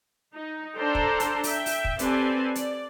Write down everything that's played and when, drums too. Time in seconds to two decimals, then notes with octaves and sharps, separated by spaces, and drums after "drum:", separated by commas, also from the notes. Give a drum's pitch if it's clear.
0.34 D#4
0.76 D4 A4 C5 G5 A#5
0.95 drum: kick
1.20 drum: hi-hat
1.44 E5 G5, drum: open hi-hat
1.66 drum: open hi-hat
1.85 drum: kick
1.99 C4 G4 A4 B4 D5 G#5, drum: hi-hat
2.55 D5, drum: hi-hat